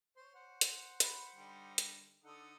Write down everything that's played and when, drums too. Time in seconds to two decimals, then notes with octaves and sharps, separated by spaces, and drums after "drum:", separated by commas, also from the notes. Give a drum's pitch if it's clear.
0.17 C5 C#5 C6
0.34 C5 F#5
0.61 drum: hi-hat
1.00 B5, drum: hi-hat
1.36 D3 G3 D#4
1.78 drum: hi-hat
2.24 D3 D#4 A4 F#5 D#6